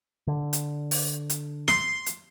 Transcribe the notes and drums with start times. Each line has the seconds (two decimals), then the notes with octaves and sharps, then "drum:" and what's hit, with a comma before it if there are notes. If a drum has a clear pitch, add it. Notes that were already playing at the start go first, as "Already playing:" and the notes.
0.27 D3
0.53 drum: hi-hat
0.91 drum: open hi-hat
1.30 drum: hi-hat
1.68 C6, drum: snare
2.06 drum: hi-hat